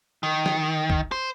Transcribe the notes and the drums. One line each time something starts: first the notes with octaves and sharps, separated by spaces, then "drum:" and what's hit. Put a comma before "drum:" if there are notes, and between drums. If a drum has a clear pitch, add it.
D#3
drum: snare
drum: kick
C5